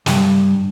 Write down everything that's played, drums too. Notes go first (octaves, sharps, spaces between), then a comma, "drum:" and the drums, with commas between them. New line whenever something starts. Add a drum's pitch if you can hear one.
G2, drum: snare